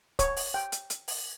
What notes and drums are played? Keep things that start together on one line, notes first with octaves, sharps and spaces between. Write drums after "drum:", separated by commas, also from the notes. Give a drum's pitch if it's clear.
C#5, drum: kick C#1, hi-hat
drum: open hi-hat
G5
drum: hi-hat
drum: hi-hat
drum: open hi-hat